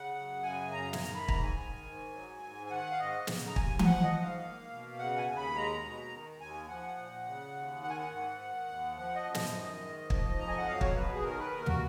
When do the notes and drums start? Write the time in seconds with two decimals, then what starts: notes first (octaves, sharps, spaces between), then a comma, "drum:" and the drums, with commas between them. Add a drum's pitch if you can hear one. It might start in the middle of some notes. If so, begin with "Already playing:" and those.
Already playing: C#3 F#5
0.15 F#2
0.43 C#3 G#5
0.72 F#2 A#5
0.93 G#5, drum: snare
1.00 D#3 A#5
1.14 B5
1.28 G#2 A#5, drum: kick
1.43 G#5
1.57 D#3
1.86 G#2
2.14 F#3
2.43 G#2
2.66 G#5
2.70 D#3 F#5
2.92 F5
2.99 G#2 D#5
3.27 C#3, drum: snare
3.47 A#5
3.56 D#2 G#5, drum: kick
3.79 G#5, drum: tom E3
3.84 F3 F#5
4.04 D#5
4.13 G#2
4.22 F5
4.42 A#3
4.71 B2
4.98 C#3 F#5
5.17 G#5
5.27 D#2
5.37 B5
5.56 G#3 A#5
5.84 B2
6.12 D#3
6.40 D#2 G#5
6.69 F3 F#5
6.97 A#2
7.26 C#3
7.54 D#2
7.83 D#3 F#5
7.90 G#5
7.98 F#5
8.11 G#2
8.40 D#3
8.68 D#2
8.96 F3 F#5
9.15 D#5
9.25 F#2
9.34 D#5, drum: snare
9.54 D#3
9.82 G#2
10.10 F3, drum: kick
10.39 F2 A#5
10.48 G#5
10.57 F#5
10.67 F#3 F5
10.81 C#5, drum: kick
10.95 B2 B4
11.14 G#4
11.24 D#3 A#4
11.39 B4
11.52 D#2 A#4
11.66 F#4, drum: tom